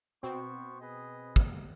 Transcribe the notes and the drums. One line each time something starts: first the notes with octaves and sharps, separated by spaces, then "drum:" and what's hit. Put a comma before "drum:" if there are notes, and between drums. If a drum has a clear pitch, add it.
B2 B3 C4 C5 C#6
G#4 B4 D#5
drum: kick